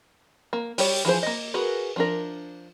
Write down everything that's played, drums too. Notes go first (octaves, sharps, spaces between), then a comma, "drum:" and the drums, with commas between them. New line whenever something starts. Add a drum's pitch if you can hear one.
A#3
G3 G4 C#5, drum: open hi-hat
E3 F3 G#4 C5
A#3 D#5
F#4 G#4 A#4 B4
F3 D4 A#4